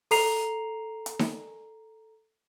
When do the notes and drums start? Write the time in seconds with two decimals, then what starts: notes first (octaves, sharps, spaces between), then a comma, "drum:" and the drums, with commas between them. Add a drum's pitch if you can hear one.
0.11 A4 A#5 C7 F7, drum: open hi-hat
1.06 drum: hi-hat
1.19 drum: snare D#4